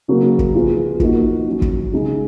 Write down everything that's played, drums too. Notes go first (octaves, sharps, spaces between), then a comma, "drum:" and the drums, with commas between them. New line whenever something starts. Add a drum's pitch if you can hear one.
C#3 F#3 A#3
drum: kick
F3 B3 F4 G#4
F3 A#3 D#4 F#4 A#4, drum: kick
F#3 C#4 F#4
drum: kick
C#3 G#3 D#4 G#4